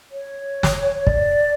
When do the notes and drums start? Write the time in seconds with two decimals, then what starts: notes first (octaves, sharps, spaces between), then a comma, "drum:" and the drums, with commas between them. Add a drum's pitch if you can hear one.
0.12 C#5
0.63 drum: snare
1.07 D5, drum: kick